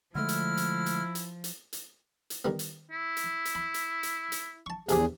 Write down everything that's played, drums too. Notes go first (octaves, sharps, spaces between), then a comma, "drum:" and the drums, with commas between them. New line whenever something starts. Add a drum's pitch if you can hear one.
D3 F3 G#3 A3 E4 F6
drum: hi-hat
drum: hi-hat
drum: hi-hat
drum: hi-hat
drum: hi-hat
drum: hi-hat
drum: hi-hat
D#3 G3 B3
drum: hi-hat
E4
drum: hi-hat
drum: hi-hat
B5
drum: hi-hat
drum: hi-hat
drum: hi-hat
A5 C#6
A#1 E2 C3 G4 G#4, drum: hi-hat